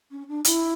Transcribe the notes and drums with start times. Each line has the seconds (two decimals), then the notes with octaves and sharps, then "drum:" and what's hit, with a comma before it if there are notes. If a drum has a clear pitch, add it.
0.11 C#4
0.28 D4
0.45 E4, drum: hi-hat